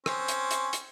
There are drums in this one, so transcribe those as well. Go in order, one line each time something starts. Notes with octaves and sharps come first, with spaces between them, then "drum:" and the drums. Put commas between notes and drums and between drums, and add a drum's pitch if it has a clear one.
C4 C#4, drum: rim click
drum: hi-hat
drum: hi-hat
drum: hi-hat